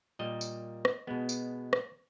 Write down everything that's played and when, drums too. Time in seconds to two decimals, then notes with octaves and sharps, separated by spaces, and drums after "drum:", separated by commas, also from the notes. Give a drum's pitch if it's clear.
0.19 A#2 G3 A#3 D#5
0.41 drum: tambourine
0.85 drum: rim click
1.07 B2 G#3 B3
1.29 drum: tambourine
1.73 drum: rim click